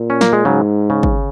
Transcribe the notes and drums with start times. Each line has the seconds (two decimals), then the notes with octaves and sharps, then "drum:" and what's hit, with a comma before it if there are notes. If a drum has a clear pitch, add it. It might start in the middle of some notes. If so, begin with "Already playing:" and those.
Already playing: A#2
0.10 C#4
0.21 A#3, drum: snare
0.33 G#3
0.45 G#2 C#3 F#3
0.90 C#3
1.03 drum: kick